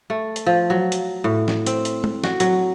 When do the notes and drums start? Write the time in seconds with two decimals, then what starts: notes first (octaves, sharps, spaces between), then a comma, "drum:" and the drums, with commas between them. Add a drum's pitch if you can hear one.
0.10 A3
0.36 drum: hi-hat
0.46 F3
0.70 F#3
0.92 drum: hi-hat
1.24 A2
1.48 drum: snare
1.66 C4, drum: hi-hat
1.85 drum: hi-hat
2.04 drum: tom
2.24 F#4, drum: snare
2.40 F#3, drum: hi-hat